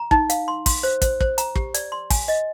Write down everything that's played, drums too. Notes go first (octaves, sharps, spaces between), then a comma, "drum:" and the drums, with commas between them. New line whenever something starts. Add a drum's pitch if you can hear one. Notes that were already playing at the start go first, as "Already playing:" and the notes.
Already playing: A#5
D#4, drum: kick
F5, drum: hi-hat
C6
C6, drum: kick, open hi-hat
C5
C5, drum: kick, hi-hat
C5, drum: kick
A#5, drum: hi-hat
G4, drum: kick
D5, drum: hi-hat
C6
G#5, drum: kick, open hi-hat
D#5